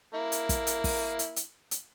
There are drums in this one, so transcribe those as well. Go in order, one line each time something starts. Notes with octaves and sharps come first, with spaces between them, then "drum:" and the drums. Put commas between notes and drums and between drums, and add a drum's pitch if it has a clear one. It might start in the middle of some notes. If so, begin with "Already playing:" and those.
A#3 E4
drum: hi-hat
drum: kick, hi-hat
drum: hi-hat
drum: kick, open hi-hat
drum: hi-hat
drum: hi-hat
drum: hi-hat